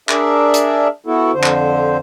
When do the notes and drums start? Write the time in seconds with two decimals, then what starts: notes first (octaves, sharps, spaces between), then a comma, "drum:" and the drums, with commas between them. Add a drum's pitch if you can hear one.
0.09 D4 G#4 A#4 D5 E5, drum: clap
0.54 drum: hi-hat
1.06 B3 E4 F#4 A4
1.34 F2 D3 C5
1.44 drum: clap